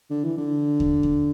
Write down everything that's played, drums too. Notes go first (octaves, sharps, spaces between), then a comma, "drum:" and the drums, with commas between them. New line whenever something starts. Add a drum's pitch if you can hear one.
D3
E3
D3
drum: kick D#2
drum: kick D#2